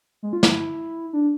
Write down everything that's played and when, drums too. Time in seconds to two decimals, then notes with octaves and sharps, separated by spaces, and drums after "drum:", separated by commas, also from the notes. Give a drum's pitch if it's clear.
0.23 G#3
0.33 F4
0.43 E4, drum: snare
1.13 D4